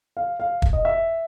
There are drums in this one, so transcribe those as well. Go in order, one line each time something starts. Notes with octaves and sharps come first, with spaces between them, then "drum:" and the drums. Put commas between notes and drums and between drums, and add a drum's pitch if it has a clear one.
F5
F5
drum: kick
D#5
E5